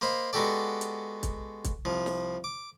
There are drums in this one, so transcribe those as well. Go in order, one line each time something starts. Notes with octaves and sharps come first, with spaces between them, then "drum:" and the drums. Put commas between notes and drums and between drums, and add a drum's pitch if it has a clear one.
A#3 C5 D#5 B5
G#3 B3 F#4 G4 A4 D5
drum: hi-hat
drum: kick, hi-hat
drum: kick, hi-hat
C2 F3
drum: snare
D6